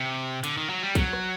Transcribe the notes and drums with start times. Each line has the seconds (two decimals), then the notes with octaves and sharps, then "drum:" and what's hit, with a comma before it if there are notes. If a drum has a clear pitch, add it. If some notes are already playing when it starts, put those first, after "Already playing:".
Already playing: C3
0.44 D3, drum: hi-hat
0.57 D#3
0.69 F#3
0.83 G3
0.95 F#3, drum: kick, hi-hat
1.13 drum: rim click